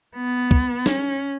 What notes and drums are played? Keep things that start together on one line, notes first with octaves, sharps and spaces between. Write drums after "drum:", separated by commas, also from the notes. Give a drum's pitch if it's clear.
B3
drum: kick
C#4, drum: snare